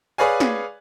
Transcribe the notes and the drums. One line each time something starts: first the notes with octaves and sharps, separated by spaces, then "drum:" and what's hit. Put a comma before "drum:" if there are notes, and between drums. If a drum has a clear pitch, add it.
G#4 B4 C#5 D5 F5 G#5
drum: snare